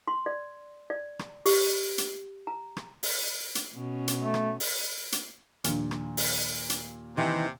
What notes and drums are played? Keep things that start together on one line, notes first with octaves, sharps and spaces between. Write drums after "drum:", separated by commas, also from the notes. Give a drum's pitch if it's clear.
C6
D5
D5
drum: rim click
G4, drum: open hi-hat
drum: hi-hat
A#5
drum: rim click
drum: open hi-hat
drum: hi-hat
B2 C#4
drum: hi-hat
A3
drum: rim click
drum: open hi-hat
drum: hi-hat
D#2 A#2 F3 D4, drum: hi-hat
drum: rim click
drum: open hi-hat
drum: hi-hat
C3 D#3 E3